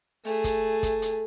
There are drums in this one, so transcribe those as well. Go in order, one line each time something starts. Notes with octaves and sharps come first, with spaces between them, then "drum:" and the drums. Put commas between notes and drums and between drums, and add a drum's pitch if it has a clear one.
A3 G#4, drum: open hi-hat
drum: kick, hi-hat
drum: kick, hi-hat
drum: hi-hat